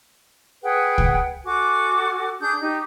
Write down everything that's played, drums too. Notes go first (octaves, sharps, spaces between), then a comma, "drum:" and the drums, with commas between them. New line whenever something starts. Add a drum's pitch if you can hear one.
G#4 B4 F#5 G5
drum: kick
F#4 A4 G#5 D6
D4 G#4 D#6 G6
D#4 G4